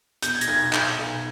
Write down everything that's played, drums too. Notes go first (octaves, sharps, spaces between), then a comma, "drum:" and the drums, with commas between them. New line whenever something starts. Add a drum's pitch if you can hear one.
B2 G6, drum: hi-hat
G#6
A#6, drum: hi-hat
B1 G#6
G#6
B1 G6, drum: clap
B1